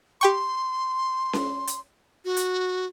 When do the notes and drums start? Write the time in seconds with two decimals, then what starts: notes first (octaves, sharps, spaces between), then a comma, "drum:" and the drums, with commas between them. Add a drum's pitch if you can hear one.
0.21 G4 G5 C6 C#6
1.33 drum: snare C#4
1.67 drum: hi-hat
2.25 F#4
2.37 drum: hi-hat